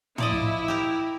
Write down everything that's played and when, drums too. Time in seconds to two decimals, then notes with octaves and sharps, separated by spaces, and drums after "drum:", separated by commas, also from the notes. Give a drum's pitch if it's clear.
0.18 F3 E4 D5 D#5, drum: tom
0.32 drum: kick
0.68 G4 A#4